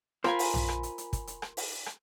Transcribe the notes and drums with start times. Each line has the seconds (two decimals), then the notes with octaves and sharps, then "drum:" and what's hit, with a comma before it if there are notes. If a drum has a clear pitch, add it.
0.24 F4 A#4 C5 G#5 A#5 B5, drum: rim click
0.39 drum: open hi-hat
0.54 drum: tom A#1
0.69 drum: rim click
0.83 drum: hi-hat
0.98 drum: hi-hat
1.13 drum: kick, hi-hat
1.27 drum: hi-hat
1.42 drum: rim click
1.57 drum: open hi-hat
1.86 drum: rim click